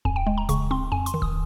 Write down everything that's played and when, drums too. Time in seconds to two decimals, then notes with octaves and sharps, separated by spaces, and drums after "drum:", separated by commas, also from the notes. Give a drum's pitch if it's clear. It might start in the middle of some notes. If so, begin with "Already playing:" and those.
0.05 F2 G#5, drum: kick D1
0.16 G5
0.27 G#3
0.38 A#5
0.49 C#3 C#6, drum: kick D1, hi-hat
0.71 C4 C6
0.92 F2 G#5
1.06 C6, drum: hi-hat
1.14 D#3
1.22 D#6, drum: kick D1